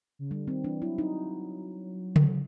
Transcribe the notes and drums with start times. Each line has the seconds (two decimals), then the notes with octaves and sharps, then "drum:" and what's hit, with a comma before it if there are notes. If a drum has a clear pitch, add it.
0.19 C#3
0.31 D3 G3
0.48 D#3 C4
0.64 E3 D4
0.82 F#3 E4
0.98 D#4
2.16 drum: tom C#3